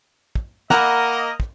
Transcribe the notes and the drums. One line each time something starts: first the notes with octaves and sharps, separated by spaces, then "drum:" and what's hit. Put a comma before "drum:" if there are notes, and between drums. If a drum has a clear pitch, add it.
drum: kick
A#3 A#4 D#5 F#5 A#5 B5, drum: snare
drum: kick